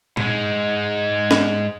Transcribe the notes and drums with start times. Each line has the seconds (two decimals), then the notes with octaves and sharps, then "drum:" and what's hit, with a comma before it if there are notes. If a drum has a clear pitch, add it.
0.17 G#2 G#3, drum: tom A#2
1.31 drum: snare C#4